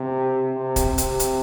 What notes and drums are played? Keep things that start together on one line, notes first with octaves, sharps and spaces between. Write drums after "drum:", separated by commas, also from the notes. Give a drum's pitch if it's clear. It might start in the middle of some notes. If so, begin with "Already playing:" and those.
Already playing: C3
C3
drum: kick, hi-hat
C3
drum: hi-hat
drum: hi-hat